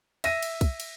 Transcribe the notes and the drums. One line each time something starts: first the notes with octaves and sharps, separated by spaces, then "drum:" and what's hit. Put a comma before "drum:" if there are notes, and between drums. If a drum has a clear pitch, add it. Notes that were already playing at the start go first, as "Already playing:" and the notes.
E5 A#6 D#7, drum: cymbal
drum: cymbal
drum: kick, cymbal
drum: cymbal